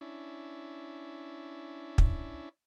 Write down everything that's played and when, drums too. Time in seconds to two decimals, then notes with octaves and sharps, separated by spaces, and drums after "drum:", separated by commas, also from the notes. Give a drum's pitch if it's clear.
0.01 C#4 D4 E4
1.98 drum: kick